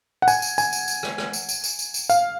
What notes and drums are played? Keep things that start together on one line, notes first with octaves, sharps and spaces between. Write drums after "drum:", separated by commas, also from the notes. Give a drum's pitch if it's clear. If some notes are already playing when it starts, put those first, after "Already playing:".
F#5
G#5, drum: tambourine
drum: tambourine
G#5, drum: tambourine
drum: tambourine
drum: tambourine
drum: rim click
drum: rim click
drum: tambourine
drum: tambourine
drum: tambourine
drum: tambourine
drum: tambourine
F5, drum: tambourine